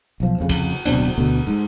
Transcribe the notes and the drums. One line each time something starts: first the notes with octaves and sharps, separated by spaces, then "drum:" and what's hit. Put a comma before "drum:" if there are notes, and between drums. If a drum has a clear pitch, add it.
B1 F3
F1 F2 C#3
drum: kick, cymbal
D1 B2 C4 D4, drum: cymbal
D2 B2 D3
G#2